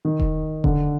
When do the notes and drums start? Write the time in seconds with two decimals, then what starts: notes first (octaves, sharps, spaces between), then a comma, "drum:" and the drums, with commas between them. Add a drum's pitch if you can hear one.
0.05 D#3
0.20 drum: kick E1
0.64 D3, drum: kick E1